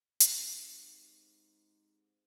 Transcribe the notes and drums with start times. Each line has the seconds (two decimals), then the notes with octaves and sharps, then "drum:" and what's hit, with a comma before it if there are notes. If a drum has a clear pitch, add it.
0.20 G#2 C4 G4 G#4, drum: hi-hat